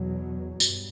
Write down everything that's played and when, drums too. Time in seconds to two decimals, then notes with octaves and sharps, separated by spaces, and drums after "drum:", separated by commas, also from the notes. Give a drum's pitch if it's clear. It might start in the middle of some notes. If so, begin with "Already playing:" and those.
Already playing: E2 B2 F#3
0.60 G2, drum: tambourine